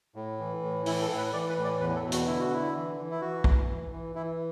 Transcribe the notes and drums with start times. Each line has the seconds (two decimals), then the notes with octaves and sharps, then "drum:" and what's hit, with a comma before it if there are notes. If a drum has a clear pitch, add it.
0.16 A2
0.40 E3
0.63 A2
0.86 E3 E4, drum: open hi-hat
1.02 A4
1.10 A2
1.17 B4
1.33 E3 D5
1.49 B4
1.57 A2
1.64 D5
1.80 E2 B4
1.96 A4
2.04 B2
2.12 F#4, drum: hi-hat
2.27 D3 E4
2.40 F#4
2.51 D3 E4
2.74 E3
2.97 E3
3.11 E4
3.21 E3 F#4
3.44 E3, drum: kick
3.68 E3
3.92 E3
4.15 E3 E4